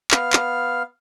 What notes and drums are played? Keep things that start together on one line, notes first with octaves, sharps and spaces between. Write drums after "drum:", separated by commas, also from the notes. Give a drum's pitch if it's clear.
B3 F5 F6, drum: clap
drum: clap